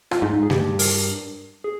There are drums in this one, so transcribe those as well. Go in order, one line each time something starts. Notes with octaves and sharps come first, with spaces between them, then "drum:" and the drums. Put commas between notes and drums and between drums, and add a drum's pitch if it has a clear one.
F4, drum: rim click
G#2 D#4
G#4
G2 G4, drum: snare G3
A#4, drum: open hi-hat
G#4